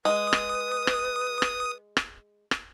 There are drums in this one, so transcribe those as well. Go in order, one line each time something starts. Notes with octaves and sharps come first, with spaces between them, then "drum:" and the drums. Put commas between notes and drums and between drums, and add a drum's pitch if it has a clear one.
G#3 B4 D#6
drum: rim click
drum: rim click
drum: rim click
drum: rim click
drum: rim click